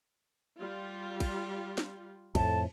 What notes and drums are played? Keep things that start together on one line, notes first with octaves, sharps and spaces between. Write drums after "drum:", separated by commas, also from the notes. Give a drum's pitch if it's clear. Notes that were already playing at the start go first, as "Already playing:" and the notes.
G3 F4
drum: kick, cymbal
drum: snare
F2 A2 A5, drum: kick, cymbal